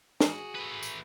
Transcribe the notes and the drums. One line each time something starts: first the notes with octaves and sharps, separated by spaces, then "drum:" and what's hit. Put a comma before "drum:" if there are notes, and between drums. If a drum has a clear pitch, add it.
F#4 G#4, drum: snare
A3 B4
drum: tambourine